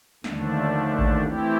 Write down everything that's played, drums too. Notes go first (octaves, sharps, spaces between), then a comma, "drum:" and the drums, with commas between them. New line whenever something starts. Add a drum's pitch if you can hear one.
D#2 D3 F3 A3 D4, drum: snare
drum: kick A1
E3 A3 C4 E4 G4